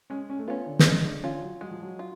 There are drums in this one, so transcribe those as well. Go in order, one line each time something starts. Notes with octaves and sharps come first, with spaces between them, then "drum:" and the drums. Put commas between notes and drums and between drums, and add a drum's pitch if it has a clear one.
G#3 C#4
C#4
A3
B3 C#4 F4
D3
D3, drum: snare
C#3 G#3
D3
D3 C#4 F4
F#3
F#3 G#3
F3
F#3
F4